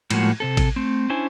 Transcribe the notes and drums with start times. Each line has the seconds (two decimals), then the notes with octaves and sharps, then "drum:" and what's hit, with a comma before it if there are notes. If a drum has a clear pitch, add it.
0.10 A2 F3 G#3 A#3 F#4, drum: cymbal
0.40 C3 C4 A4
0.57 drum: kick A1, cymbal
0.76 A3 C4
1.10 C#4 D4 E4 C5 G#5